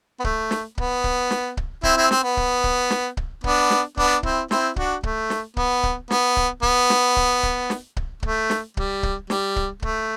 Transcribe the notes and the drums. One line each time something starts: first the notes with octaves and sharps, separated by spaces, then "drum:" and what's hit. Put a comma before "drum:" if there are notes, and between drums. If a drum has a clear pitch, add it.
B3
A3, drum: kick C#1
drum: snare
B3, drum: kick C#1
drum: kick C#1
drum: snare
drum: kick C#1
C4 E4, drum: kick C#1
C4 E4
C4, drum: snare
B3
drum: kick C#1
drum: kick C#1
drum: snare
drum: kick C#1
B3 D4, drum: kick C#1
drum: snare
B3 D4, drum: kick C#1
C4 E4, drum: kick C#1
C4 E4, drum: snare
D4 F#4, drum: kick C#1
A3, drum: kick C#1
drum: snare
B3, drum: kick C#1
drum: kick C#1
B3, drum: snare
drum: kick C#1
B3, drum: kick C#1
drum: snare
drum: kick C#1
drum: kick C#1
drum: snare
drum: kick C#1
A3, drum: kick C#1
drum: snare
G3, drum: kick C#1
drum: kick C#1
G3, drum: snare
drum: kick C#1
A3, drum: kick C#1